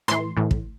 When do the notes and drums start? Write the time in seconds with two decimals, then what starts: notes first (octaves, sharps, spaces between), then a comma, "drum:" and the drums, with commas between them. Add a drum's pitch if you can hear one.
0.08 A2 E3 C6, drum: rim click
0.37 A2 E3
0.51 drum: kick